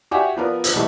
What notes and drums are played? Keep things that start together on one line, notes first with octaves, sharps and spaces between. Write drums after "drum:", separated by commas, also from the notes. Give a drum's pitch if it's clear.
F#4 G4 D5 E5 F#5 G#5
F3 B3 A#4 D5
drum: hi-hat
B1 E3 G3 A3 E5